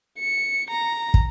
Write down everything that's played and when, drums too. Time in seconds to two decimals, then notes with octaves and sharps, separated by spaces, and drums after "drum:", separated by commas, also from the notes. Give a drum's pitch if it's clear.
0.20 C#7
0.70 A#5
1.14 drum: kick